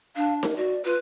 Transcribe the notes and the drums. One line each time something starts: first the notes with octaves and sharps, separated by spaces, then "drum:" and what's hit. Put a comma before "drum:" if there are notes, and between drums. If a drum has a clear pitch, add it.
D4 F5
A#4, drum: snare D#4
F#4 D5
F4 B4